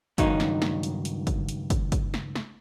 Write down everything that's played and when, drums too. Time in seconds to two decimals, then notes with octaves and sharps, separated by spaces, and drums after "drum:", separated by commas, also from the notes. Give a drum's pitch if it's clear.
0.18 C#2 G2 D#3 F#3 D#4, drum: kick, hi-hat
0.40 drum: snare
0.62 drum: snare
0.83 drum: hi-hat
1.05 drum: hi-hat
1.27 drum: kick, hi-hat
1.49 drum: hi-hat
1.70 drum: kick, hi-hat
1.92 drum: kick, hi-hat
2.14 drum: snare
2.35 drum: snare